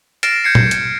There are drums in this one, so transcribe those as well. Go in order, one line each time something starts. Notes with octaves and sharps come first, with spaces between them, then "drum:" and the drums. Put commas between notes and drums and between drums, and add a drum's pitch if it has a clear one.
F6 A6 A#6 C7 D7 E7, drum: hi-hat
G6 G#6 C7 C#7
drum: tom A#2
drum: hi-hat